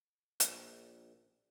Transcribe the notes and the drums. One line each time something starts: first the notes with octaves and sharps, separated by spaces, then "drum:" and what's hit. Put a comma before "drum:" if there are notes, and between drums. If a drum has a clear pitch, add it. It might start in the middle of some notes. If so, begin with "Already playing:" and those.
A#1, drum: hi-hat